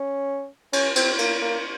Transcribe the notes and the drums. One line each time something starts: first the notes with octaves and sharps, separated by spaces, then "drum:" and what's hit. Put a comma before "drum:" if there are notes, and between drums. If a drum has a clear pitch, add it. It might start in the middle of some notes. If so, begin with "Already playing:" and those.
Already playing: C#4
C#4, drum: cymbal
C4, drum: cymbal
A#3, drum: cymbal
A#3